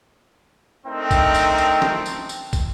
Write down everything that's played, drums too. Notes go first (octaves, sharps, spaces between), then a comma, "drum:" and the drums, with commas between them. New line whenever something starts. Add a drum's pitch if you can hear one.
A3 C4 D4 D#4 A#4 G5
drum: kick, tambourine
drum: tambourine
drum: tambourine
drum: snare
drum: tambourine
drum: tambourine
drum: kick, tambourine